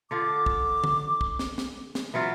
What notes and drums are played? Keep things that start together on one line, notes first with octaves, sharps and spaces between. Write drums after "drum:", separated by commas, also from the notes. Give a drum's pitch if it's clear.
D3 F4 D6
drum: kick
drum: tom
drum: kick
drum: snare
drum: snare
drum: snare
E3 F#3 F4 E5